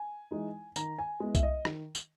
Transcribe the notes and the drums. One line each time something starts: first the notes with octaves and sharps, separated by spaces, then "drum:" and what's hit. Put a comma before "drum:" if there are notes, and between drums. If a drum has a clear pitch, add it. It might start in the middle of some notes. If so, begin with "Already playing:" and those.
Already playing: G#5
E3 G#3 D#4
D#3 A#5, drum: tambourine
G#5
G#3 B3 E4
E5, drum: kick C2, tambourine
D#5
D#3, drum: rim click
drum: tambourine